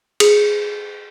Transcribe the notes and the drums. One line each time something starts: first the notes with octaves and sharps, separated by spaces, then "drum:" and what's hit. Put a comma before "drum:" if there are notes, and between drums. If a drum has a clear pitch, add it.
G#4, drum: cymbal